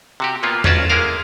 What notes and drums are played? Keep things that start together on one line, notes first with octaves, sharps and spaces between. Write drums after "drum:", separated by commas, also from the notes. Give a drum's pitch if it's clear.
C3 F#4 G4
A#2 A#3 B3 F4
B1 C#4 F4 F#4 D5 A5, drum: tom E2
G#3 A#3 E4 G#4 A#4 F5